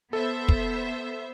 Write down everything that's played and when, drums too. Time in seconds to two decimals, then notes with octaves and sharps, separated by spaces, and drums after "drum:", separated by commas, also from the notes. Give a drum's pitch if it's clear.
0.13 B3 A4 C5 E5
0.48 drum: kick